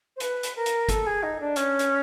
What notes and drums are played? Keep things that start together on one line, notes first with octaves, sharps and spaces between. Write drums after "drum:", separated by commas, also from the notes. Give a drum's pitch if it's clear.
C5
B4, drum: hi-hat
drum: hi-hat
A#4
drum: hi-hat
A4, drum: kick, hi-hat
G#4
D#4
D4
C#4, drum: hi-hat
drum: hi-hat